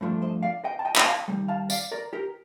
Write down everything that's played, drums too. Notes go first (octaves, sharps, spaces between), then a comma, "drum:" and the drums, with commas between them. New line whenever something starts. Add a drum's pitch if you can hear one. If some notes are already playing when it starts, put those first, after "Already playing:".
G2 F3 A3 D4
C5 D#5
D5 F5
D#5 G5
A5
D#5 G5
drum: clap
F5 A5
D#2 D#3 G3
F5 A5
D5 F5, drum: tambourine
A#4 D5
G4 A#4